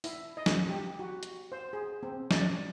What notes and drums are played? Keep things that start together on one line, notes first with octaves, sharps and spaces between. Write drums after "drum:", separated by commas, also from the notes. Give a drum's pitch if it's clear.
E4, drum: open hi-hat
D#5
drum: snare
G4
F#4
drum: hi-hat
C5
G#4
C4
D5, drum: snare